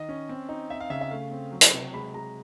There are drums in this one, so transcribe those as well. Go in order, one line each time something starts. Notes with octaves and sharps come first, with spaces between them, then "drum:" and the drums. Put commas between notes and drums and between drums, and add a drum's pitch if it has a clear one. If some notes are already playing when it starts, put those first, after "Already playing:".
Already playing: D#3 D#5
C#4
C4
D#4
C4 E5
F5
C#3 E5
E5
A3 F5
C4
F#3
drum: hi-hat
C3
G#3 B5
G#3 A#5